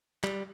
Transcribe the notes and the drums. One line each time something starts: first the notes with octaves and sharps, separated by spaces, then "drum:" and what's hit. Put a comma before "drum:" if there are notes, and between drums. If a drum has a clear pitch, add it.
G3, drum: clap